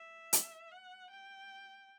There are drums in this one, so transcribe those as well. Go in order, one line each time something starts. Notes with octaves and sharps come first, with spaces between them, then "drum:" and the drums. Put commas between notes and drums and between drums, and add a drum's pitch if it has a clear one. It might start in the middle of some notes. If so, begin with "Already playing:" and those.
Already playing: E5
drum: hi-hat
F#5
G5